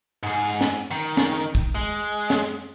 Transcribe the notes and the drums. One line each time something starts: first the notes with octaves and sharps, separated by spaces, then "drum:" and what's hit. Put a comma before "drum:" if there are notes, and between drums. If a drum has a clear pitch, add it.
G#2 G#4
drum: snare
D#3
drum: snare
drum: kick
G#3
drum: snare